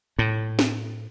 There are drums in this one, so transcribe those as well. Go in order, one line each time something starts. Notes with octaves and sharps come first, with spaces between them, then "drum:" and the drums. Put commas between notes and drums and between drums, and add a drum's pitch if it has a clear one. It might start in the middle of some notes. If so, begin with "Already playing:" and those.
A2
drum: snare